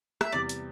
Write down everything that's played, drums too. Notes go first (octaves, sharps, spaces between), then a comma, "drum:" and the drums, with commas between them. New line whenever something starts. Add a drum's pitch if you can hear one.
E5, drum: rim click
E2 C3 G3 D5
drum: hi-hat